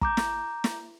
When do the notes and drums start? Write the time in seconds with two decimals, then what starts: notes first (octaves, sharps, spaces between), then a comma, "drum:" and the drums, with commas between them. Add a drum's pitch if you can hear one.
0.01 A#5 D6 G6, drum: kick
0.17 drum: snare
0.64 drum: snare